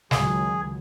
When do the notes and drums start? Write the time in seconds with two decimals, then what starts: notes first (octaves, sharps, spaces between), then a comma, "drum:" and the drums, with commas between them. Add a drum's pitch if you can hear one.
0.11 C#2 D#3 F#3 G#4, drum: snare